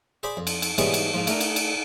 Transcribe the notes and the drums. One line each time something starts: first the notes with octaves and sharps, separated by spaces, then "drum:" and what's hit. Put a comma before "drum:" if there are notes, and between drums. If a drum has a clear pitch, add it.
G#4 C5 D5 B5 D6
F2
drum: cymbal
drum: cymbal
G#2 E3 G3 G#3 B3 C#5, drum: cymbal
drum: cymbal
G#2 F3
A3 D4 A#4, drum: cymbal
drum: cymbal
drum: cymbal